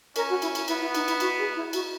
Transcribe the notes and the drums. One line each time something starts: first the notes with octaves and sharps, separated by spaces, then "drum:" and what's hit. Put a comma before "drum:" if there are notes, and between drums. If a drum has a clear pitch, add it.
C#4 A#4, drum: cymbal
F#4
E4, drum: cymbal
drum: cymbal
B3 E4, drum: cymbal
E4
D#4, drum: cymbal
E4, drum: cymbal
F#4, drum: cymbal
G#4
E4
F#4, drum: cymbal